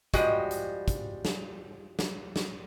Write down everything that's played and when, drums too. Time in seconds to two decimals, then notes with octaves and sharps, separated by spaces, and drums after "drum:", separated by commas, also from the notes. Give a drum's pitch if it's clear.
0.14 F3 G3 G#3 F#4 D#5, drum: kick, hi-hat
0.51 drum: hi-hat
0.88 drum: kick, hi-hat
1.25 drum: snare
1.99 drum: snare
2.36 drum: snare